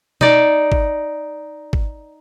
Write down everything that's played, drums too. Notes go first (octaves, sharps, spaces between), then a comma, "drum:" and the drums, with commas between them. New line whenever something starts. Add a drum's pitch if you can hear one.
D#4 D5, drum: tom B2
drum: kick G#1
drum: kick G#1